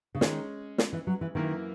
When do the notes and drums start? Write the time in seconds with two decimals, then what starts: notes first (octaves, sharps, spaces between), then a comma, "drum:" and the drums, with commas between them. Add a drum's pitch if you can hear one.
0.15 C#3
0.21 D#3 G#3 C#4 G#4, drum: snare
0.78 drum: snare
0.93 E3
1.07 F#3
1.21 E3
1.35 F#2 D#3 E3 A#3 E4 A#4